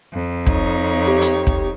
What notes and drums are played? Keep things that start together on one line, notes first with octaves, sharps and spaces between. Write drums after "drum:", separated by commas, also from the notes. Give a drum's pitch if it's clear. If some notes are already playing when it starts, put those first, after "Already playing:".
F2
D#4 C#5, drum: kick
G4
drum: hi-hat
drum: kick